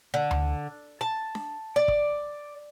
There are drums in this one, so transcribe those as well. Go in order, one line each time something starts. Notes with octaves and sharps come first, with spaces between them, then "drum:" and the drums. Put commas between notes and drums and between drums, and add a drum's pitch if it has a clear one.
D3
drum: tom D2
A5
drum: snare D4
D5
drum: kick